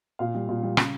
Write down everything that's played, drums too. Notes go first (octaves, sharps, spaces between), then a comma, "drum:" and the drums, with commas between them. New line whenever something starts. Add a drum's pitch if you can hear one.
A#2 F5
G3
A#2
G3
C#3, drum: rim click